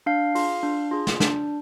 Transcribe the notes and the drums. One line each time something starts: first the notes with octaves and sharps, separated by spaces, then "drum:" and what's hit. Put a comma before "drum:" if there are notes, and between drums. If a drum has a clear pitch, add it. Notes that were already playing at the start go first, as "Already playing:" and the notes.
D4 F5
F4 G#4, drum: open hi-hat
D4
F4 G#4
drum: snare
D4, drum: snare